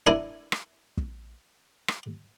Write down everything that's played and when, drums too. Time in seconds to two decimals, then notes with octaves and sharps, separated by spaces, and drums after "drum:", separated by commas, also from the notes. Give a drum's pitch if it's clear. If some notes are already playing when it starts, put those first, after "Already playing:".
0.07 D4 E4 A#4 G#5
0.52 drum: rim click
0.97 drum: kick
1.88 drum: rim click